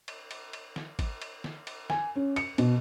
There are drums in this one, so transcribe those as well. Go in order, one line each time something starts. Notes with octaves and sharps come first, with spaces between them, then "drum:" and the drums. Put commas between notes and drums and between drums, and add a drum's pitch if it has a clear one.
drum: cymbal
drum: cymbal
drum: cymbal
drum: snare
drum: kick G#1, cymbal
drum: cymbal
drum: snare
drum: cymbal
G#5, drum: snare
C#4
C#7, drum: cymbal
B2, drum: cymbal